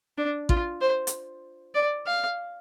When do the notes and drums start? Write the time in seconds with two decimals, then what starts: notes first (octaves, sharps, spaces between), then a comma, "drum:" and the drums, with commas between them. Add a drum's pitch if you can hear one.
0.18 D4
0.49 F4, drum: kick A1
0.81 C5
1.07 drum: hi-hat
1.75 D5
2.07 F5